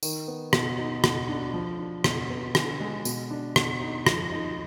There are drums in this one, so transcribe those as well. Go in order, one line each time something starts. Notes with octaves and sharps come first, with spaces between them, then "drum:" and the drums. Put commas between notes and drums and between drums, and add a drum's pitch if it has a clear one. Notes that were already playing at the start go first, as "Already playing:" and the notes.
D#3, drum: tambourine
B3
B2, drum: rim click
D#4
B2, drum: rim click
D4
F3
D4
B2, drum: rim click
B3
D3, drum: rim click
G#3
B2, drum: tambourine
D4
B2, drum: rim click
D#4
F3, drum: rim click
D#4